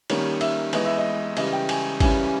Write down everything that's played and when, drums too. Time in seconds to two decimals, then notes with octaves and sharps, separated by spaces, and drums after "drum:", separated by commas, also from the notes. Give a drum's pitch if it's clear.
0.10 D#3 G3 A#3 C#4 C#5, drum: cymbal
0.41 E5, drum: cymbal
0.73 E3 G#3 B3 D#5, drum: cymbal
0.86 E5
0.98 D#5
1.37 C#3 E3 G3 D#5, drum: cymbal
1.53 G5
1.69 G#5, drum: cymbal
2.00 C#3 E3 G3 C#4 G#5, drum: kick, cymbal
2.25 G#5